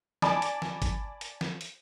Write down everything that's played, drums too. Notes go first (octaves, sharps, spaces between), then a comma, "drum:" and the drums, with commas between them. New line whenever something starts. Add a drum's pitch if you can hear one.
D5 G#5 A5 B5 D6, drum: snare
drum: hi-hat
drum: snare
drum: kick G#1, hi-hat
drum: hi-hat
drum: snare
drum: hi-hat